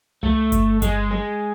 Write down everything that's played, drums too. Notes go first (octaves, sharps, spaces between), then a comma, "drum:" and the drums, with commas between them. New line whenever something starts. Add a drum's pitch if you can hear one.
A3, drum: tom C2
drum: kick G1, hi-hat
G#3, drum: kick G1, hi-hat
G#3